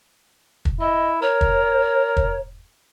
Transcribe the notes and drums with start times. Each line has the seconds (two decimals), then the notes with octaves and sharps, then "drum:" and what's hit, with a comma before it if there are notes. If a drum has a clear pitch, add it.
0.65 drum: kick
0.80 E4 D#5
1.22 A#4 C#5
1.41 drum: kick
2.17 drum: kick